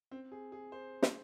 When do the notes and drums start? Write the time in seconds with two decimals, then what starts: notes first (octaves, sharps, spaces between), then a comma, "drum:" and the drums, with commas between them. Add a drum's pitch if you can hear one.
0.11 C4
0.32 G#4
0.52 G#4
0.72 C5
1.02 drum: snare